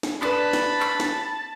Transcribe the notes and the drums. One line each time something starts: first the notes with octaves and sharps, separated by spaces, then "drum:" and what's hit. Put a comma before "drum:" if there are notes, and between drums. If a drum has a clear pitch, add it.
drum: snare
D4 B4 A5 B5, drum: clap
drum: snare
drum: clap
drum: snare